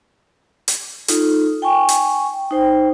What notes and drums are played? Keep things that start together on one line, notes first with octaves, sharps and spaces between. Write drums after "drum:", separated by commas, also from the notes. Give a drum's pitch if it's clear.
drum: hi-hat
D#4 F4 A4, drum: hi-hat
G5 G#5 C#6
drum: hi-hat
D#4 C5 G5